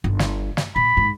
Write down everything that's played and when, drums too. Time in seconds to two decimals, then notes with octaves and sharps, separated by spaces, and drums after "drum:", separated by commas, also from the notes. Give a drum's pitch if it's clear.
0.04 G1
0.19 drum: snare
0.57 drum: snare
0.76 A#2 B5
0.97 G#2